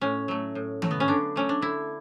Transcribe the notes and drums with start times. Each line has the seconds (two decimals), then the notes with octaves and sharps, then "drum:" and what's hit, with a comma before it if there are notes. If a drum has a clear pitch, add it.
0.01 A2 C#4
0.28 F#3 A3
0.55 A2
0.82 F#3 A3, drum: tom D#3
0.91 B3
1.00 C#4
1.08 D3 D4
1.36 F#3 A3 C#4
1.49 D4
1.62 D3 E4